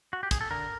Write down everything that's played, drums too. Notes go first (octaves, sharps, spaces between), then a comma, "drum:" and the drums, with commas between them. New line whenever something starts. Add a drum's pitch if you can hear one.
F#4
G4
G#4, drum: kick, hi-hat
A4
D3 A#4